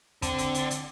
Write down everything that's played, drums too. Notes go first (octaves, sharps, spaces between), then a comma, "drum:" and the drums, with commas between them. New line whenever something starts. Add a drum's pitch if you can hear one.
D3 C4, drum: kick, hi-hat
drum: hi-hat
drum: hi-hat
drum: hi-hat